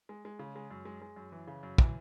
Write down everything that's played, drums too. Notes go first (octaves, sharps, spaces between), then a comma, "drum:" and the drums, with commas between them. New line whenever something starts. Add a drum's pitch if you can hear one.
G#3
G#3
C#3
G#3
F#2
G#3
G#3
F#2
E3
C#3
F#2
E3, drum: kick